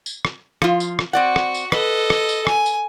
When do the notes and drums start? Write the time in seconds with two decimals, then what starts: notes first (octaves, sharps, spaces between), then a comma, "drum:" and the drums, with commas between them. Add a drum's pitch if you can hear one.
0.06 drum: tambourine
0.25 drum: rim click
0.62 F3 F4, drum: rim click
0.80 drum: tambourine
0.99 drum: rim click
1.13 C4 F#4 D5 F#5
1.36 drum: rim click
1.55 drum: tambourine
1.72 A4 B4 D#5, drum: rim click
2.10 drum: rim click
2.29 drum: tambourine
2.47 G#5, drum: rim click
2.66 drum: tambourine